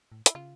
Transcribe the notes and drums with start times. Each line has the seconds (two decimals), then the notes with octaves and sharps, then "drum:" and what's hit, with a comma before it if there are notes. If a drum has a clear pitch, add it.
0.12 A2
0.26 E4, drum: hi-hat
0.35 C#3 F4